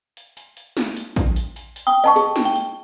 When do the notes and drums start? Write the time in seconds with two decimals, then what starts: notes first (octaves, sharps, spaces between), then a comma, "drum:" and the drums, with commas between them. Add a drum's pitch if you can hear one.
0.17 drum: hi-hat
0.37 drum: hi-hat
0.57 drum: hi-hat
0.77 drum: snare
0.97 drum: hi-hat
1.16 drum: kick, hi-hat
1.36 drum: hi-hat
1.56 drum: hi-hat
1.76 drum: hi-hat
1.87 G5 D#6
2.04 D#5 A5 C#6
2.16 G#4, drum: hi-hat
2.36 drum: snare
2.45 G5
2.56 drum: hi-hat